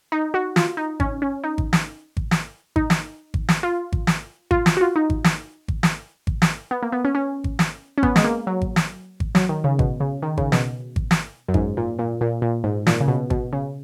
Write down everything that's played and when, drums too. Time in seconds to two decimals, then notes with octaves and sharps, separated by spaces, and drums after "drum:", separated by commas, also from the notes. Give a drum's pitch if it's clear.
0.12 D#4
0.34 F#4
0.56 F4, drum: snare
0.77 D#4
1.00 C#4, drum: kick G#1
1.22 C#4
1.44 D#4
1.58 drum: kick G#1
1.73 drum: snare
2.17 drum: kick G#1
2.31 drum: snare
2.76 D#4, drum: kick G#1
2.90 drum: snare
3.34 drum: kick G#1
3.49 drum: snare
3.63 F4
3.92 drum: kick G#1
4.07 drum: snare
4.51 F4, drum: kick G#1
4.66 drum: snare
4.77 F#4
4.81 F4
4.96 D#4
5.10 drum: kick G#1
5.24 drum: snare
5.68 drum: kick G#1
5.83 drum: snare
6.27 drum: kick G#1
6.42 drum: snare
6.71 B3
6.83 A#3
6.92 B3
7.05 C#4
7.15 C#4
7.44 drum: kick G#1
7.59 drum: snare
7.98 C#4
8.03 B3, drum: kick G#1
8.16 G#3, drum: snare
8.24 A#3
8.47 F#3
8.62 drum: kick G#1
8.76 drum: snare
9.20 drum: kick G#1
9.35 F#3, drum: snare
9.49 D#3
9.64 C#3
9.79 B2, drum: kick G#1
10.00 C#3
10.23 D#3
10.37 C#3, drum: kick G#1
10.52 B2, drum: snare
10.96 drum: kick G#1
11.11 drum: snare
11.48 F#2
11.54 G#2, drum: kick G#1
11.77 A#2
11.99 A#2
12.21 A#2
12.42 A#2
12.64 G#2
12.87 A#2, drum: snare
13.00 C#3
13.08 B2
13.30 B2, drum: kick G#1
13.53 C#3